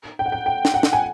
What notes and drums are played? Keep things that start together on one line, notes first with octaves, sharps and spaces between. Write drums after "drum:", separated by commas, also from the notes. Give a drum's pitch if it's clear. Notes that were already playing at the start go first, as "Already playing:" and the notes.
G5
F#5
G5
G5
drum: snare
F#5
drum: snare
G#5